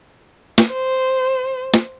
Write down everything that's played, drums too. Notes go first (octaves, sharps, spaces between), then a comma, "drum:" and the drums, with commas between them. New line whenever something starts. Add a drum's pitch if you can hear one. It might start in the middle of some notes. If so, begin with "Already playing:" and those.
drum: snare
C5
drum: snare